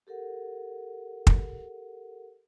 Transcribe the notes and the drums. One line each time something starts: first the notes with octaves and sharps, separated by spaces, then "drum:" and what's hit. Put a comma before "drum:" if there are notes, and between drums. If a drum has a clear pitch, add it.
G4 A4 A#4 F#5
drum: kick